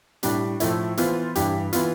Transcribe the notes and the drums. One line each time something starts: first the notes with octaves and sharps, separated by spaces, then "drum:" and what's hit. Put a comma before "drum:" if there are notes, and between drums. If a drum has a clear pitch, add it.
A2 G3 D4, drum: hi-hat
A2 F3 A3 E4, drum: hi-hat
E3 B3 F4 C5, drum: hi-hat
G2 E3 G3 D4 G4, drum: hi-hat
E3 B3 F4, drum: hi-hat